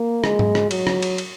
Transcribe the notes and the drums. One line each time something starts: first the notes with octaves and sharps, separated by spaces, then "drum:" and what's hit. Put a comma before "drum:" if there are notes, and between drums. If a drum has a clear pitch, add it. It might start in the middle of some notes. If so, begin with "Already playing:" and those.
Already playing: A#3
G#3, drum: rim click
drum: tom G#2
drum: rim click
F#3, drum: cymbal
drum: rim click
drum: cymbal
drum: cymbal